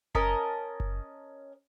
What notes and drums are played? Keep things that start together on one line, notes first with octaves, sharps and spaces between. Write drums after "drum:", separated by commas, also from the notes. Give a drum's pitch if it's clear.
C#4 A#4 D#5 A5, drum: kick F#1
drum: kick F#1